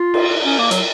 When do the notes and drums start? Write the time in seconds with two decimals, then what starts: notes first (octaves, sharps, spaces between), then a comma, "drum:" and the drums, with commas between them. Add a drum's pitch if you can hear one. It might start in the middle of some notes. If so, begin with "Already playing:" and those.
Already playing: F4
0.14 drum: cymbal
0.44 C#4
0.58 A#3
0.71 F#3, drum: hi-hat